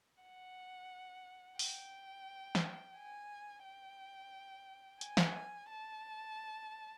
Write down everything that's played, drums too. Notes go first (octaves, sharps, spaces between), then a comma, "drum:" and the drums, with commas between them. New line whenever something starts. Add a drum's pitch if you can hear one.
F#5
G5, drum: open hi-hat
drum: snare
G#5
G5
G#5, drum: hi-hat
drum: snare
A5